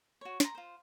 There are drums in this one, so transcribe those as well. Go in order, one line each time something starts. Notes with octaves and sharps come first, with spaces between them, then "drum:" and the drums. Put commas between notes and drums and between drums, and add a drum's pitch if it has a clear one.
F#4 C#5
A#5 C6, drum: snare
F4 C5